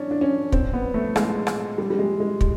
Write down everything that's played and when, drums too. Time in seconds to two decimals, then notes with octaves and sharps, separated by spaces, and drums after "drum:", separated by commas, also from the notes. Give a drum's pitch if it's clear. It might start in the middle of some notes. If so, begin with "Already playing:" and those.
Already playing: C#4 D4
0.11 D4
0.21 C#4
0.52 C4, drum: kick
0.73 B3
0.94 A3
1.16 G#3, drum: rim click
1.47 drum: rim click
1.78 G3
1.90 G3
1.99 G#3
2.20 G#3
2.41 drum: kick